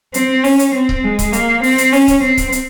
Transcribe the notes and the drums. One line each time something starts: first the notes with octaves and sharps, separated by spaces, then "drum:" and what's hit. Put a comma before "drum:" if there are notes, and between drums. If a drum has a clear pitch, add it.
C4, drum: hi-hat
C#4, drum: open hi-hat
drum: hi-hat
C4
drum: kick C#1
G#3
drum: kick C#1, hi-hat
A#3, drum: hi-hat
C4, drum: open hi-hat
drum: hi-hat
C#4, drum: open hi-hat
drum: kick C#1, hi-hat
C4
drum: kick C#1, hi-hat
drum: hi-hat